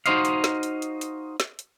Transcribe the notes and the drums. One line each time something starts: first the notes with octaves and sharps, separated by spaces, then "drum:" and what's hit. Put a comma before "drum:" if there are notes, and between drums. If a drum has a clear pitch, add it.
D#4 E4 F#4 C5 D#5 F5, drum: hi-hat
drum: hi-hat
drum: snare
drum: hi-hat
drum: hi-hat
drum: hi-hat
drum: snare
drum: hi-hat